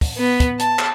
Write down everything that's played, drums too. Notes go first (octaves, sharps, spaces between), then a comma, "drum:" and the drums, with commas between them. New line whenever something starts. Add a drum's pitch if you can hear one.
drum: kick, open hi-hat
B3
drum: kick, hi-hat
A5, drum: hi-hat
drum: clap